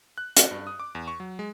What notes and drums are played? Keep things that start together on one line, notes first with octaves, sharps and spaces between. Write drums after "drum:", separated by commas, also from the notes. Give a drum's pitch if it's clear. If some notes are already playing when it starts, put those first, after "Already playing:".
F#6
F#4, drum: hi-hat
G2
D#6
D6
E2
C#6
F#3
G#3